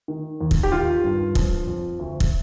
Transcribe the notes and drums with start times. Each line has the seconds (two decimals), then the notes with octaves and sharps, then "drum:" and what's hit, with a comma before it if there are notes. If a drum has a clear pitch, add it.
0.08 D#3
0.41 D#2
0.51 drum: kick
0.63 G4
0.72 D#3 F4
1.04 G2
1.35 F3, drum: kick
1.67 F2
1.99 D2
2.20 drum: kick